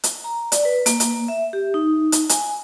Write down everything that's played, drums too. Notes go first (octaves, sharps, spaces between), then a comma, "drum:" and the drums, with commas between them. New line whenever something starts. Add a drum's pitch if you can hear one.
drum: hi-hat
A#5
D5, drum: hi-hat
B4
A#3, drum: hi-hat
drum: hi-hat
E5
G4
D#4
drum: hi-hat
G#5, drum: hi-hat